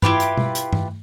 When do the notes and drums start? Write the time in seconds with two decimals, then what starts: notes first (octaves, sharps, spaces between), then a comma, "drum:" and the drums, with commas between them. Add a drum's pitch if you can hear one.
0.02 E4 F4 G4 B4, drum: tom G2
0.20 drum: hi-hat
0.37 drum: tom B2
0.55 drum: hi-hat
0.73 drum: tom G2